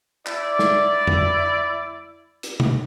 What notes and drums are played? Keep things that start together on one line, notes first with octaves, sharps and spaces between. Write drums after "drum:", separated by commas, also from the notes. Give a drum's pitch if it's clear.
E4 D5, drum: clap
drum: snare
drum: tom F2
drum: hi-hat
drum: tom B2